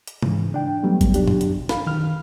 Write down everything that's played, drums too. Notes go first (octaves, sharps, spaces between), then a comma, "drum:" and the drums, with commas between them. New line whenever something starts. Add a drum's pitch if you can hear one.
drum: hi-hat
G#2 C#3 E3, drum: tom C3
D4 G5
F#3 G3 A3 B3
drum: kick G1, hi-hat
B2 F#3 D4 G4, drum: hi-hat
drum: tom F#2
drum: hi-hat
F5 B5, drum: snare
D#3 F6